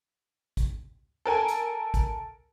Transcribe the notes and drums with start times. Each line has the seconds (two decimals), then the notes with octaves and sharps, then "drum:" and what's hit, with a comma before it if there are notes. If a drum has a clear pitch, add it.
0.57 drum: kick, hi-hat
1.25 A4 A#4 G#5
1.48 drum: hi-hat
1.94 drum: kick, hi-hat